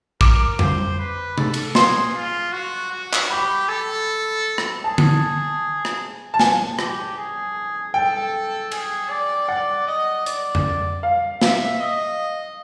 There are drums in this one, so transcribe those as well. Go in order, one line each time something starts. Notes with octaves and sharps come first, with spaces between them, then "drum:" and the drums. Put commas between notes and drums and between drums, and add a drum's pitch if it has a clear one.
A#4 D6, drum: kick
C5, drum: tom F2
B4
A4, drum: tom
drum: cymbal
G#4 C6, drum: snare
F4
F#4
F#4
drum: clap
G4 B5
A4
drum: rim click
G#4 A5
drum: tom D3
drum: rim click
A5
G#5, drum: snare
G4, drum: rim click
G#4
A4 G5
G#4, drum: cymbal
D5
D5 F#5
D#5
D5, drum: hi-hat
drum: tom F2
F5
E5, drum: snare
D#5